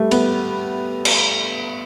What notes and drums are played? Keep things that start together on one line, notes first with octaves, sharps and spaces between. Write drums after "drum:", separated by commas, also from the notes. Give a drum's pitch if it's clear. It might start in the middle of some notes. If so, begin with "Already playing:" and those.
Already playing: G3 A3
B3, drum: cymbal
drum: cymbal